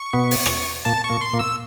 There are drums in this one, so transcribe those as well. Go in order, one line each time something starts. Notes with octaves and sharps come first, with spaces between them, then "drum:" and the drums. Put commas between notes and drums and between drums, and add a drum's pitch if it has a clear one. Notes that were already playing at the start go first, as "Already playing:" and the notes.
Already playing: C#6
B2 B3
drum: open hi-hat
drum: rim click
A#2 A#3 A5
C#6
A#2 A#3
C6
A#2 A#3
E6